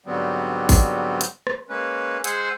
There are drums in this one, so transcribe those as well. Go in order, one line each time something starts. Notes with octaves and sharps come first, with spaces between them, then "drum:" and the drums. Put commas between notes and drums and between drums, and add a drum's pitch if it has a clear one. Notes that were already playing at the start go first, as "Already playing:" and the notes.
G#2 D3 F#3 G3 B3 C4
drum: kick G#1, open hi-hat
drum: hi-hat
drum: rim click
G#3 A#3 C#4 B4
G#3 G#4 C5 F#5 G#5 E6, drum: hi-hat